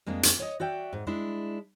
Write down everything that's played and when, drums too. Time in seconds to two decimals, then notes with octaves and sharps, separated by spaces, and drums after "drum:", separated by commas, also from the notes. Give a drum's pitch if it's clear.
0.06 F2 G#3 A#3 D4
0.23 drum: hi-hat
0.39 C#5 D#5
0.60 F#4 D5 E5 G5
0.93 G#2
1.07 G#3 D4 E4